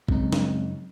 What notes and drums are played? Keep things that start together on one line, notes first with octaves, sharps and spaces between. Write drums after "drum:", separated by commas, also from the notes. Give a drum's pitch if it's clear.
F#2 C#3 G#3 C4 D#4, drum: kick A#1
drum: snare